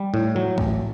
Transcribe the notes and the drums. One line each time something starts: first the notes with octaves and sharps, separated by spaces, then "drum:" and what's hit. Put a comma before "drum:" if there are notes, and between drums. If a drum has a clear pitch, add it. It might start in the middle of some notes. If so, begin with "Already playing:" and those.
Already playing: G3
A2
F#3
A1, drum: kick